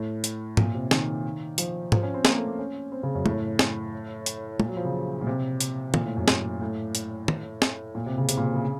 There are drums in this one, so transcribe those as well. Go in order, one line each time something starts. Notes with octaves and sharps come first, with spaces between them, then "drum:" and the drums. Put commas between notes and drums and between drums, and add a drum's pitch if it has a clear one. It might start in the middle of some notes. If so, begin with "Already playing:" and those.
Already playing: A2
drum: hi-hat
A#2, drum: tom G#2
C3
D#3, drum: snare
F3, drum: hi-hat
F3, drum: tom G#2
C#4
C4
A#3, drum: snare
A3
A#3
C#4
C4
C#3
F#2
A2, drum: tom
drum: snare
drum: hi-hat
A#2, drum: tom
F#3
F3
C#3
A#2
C3
drum: hi-hat
A#2, drum: tom
A2
F#2
drum: snare
A2
drum: hi-hat
drum: tom
drum: snare
A#2
C3
C#3
C3, drum: hi-hat
A#2
C3
C#3